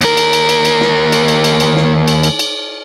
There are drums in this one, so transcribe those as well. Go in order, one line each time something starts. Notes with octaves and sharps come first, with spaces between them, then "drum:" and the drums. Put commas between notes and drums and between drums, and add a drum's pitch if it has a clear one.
D#2 A#4, drum: cymbal
drum: cymbal
drum: cymbal
drum: cymbal
drum: cymbal
drum: snare
drum: cymbal
drum: cymbal
drum: cymbal
drum: cymbal
drum: snare
drum: cymbal
drum: cymbal
drum: cymbal